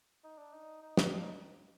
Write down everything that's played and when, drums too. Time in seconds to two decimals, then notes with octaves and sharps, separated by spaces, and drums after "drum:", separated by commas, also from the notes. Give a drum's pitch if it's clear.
0.24 D#4
0.38 D4
0.54 D#4
0.82 D#4
0.97 D#4, drum: snare
1.12 D4
1.22 D#4